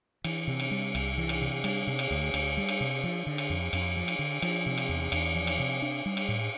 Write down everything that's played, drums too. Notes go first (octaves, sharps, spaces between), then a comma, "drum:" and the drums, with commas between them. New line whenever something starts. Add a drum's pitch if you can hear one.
E3, drum: cymbal
C3
drum: cymbal
G3
C2, drum: cymbal
E3
drum: cymbal
C3
G3, drum: cymbal
C3
drum: cymbal
D2
D2, drum: cymbal
G3
drum: cymbal
C3
F3
D3
drum: cymbal
F2
F2, drum: cymbal
F3
drum: cymbal
D3
F3, drum: cymbal
C3
drum: cymbal
E2
E2, drum: cymbal
F3
drum: cymbal
C3
D4
G3
drum: cymbal
A2